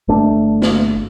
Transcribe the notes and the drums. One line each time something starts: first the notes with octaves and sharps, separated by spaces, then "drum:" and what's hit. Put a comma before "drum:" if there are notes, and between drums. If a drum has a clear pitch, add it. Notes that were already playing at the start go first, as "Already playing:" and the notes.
G1 A3 D4
drum: snare